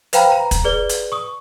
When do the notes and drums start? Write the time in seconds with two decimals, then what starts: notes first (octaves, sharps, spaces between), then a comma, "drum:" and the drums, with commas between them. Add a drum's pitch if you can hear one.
0.13 B4 C5 F5 G5 A#5 B5, drum: hi-hat
0.32 A#5
0.51 drum: kick, hi-hat
0.64 G#4 B4 D5 G7
0.89 drum: hi-hat
1.12 C#6 D#6